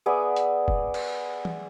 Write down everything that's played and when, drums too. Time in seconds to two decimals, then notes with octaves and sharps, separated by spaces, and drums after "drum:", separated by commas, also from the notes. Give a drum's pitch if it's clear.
0.06 B3 G#4 D5 E5
0.36 drum: hi-hat
0.68 drum: kick
0.94 drum: cymbal
1.45 drum: tom